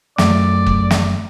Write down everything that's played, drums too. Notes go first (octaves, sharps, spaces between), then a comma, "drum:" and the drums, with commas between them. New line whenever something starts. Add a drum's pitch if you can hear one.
F#2 A3 D5, drum: snare
drum: kick
drum: snare